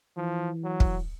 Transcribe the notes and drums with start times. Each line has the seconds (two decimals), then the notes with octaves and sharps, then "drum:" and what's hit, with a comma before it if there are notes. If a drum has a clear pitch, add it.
0.17 E3 F3
0.64 F#3
0.80 drum: kick